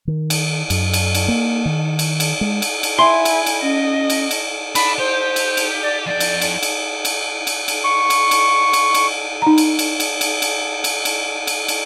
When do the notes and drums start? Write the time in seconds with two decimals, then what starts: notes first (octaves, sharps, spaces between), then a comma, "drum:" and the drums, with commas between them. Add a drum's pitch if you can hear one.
0.07 D#3
0.30 drum: cymbal
0.70 F#2, drum: cymbal
0.93 drum: cymbal
1.15 drum: cymbal
1.28 A#3
1.65 D#3
1.99 drum: cymbal
2.20 drum: cymbal
2.41 G#3
2.62 drum: cymbal
2.83 drum: cymbal
2.99 E4 E5 G#5 C6
3.25 drum: cymbal
3.46 drum: cymbal
3.62 C#4 D#5
4.10 drum: cymbal
4.31 drum: cymbal
4.75 D4 B5, drum: cymbal
4.98 G4 C5
5.36 drum: cymbal
5.57 drum: cymbal
5.83 D5
6.06 F2 D5 G5
6.20 drum: cymbal
6.41 drum: cymbal
6.63 drum: cymbal
7.05 drum: cymbal
7.47 drum: cymbal
7.68 drum: cymbal
7.84 C#6
8.10 drum: cymbal
8.31 drum: cymbal
8.73 drum: cymbal
8.94 drum: cymbal
9.42 D#4 A#5
9.58 drum: cymbal
9.79 drum: cymbal
10.00 drum: cymbal
10.21 drum: cymbal
10.42 drum: cymbal
10.84 drum: cymbal
11.05 drum: cymbal
11.47 drum: cymbal
11.68 drum: cymbal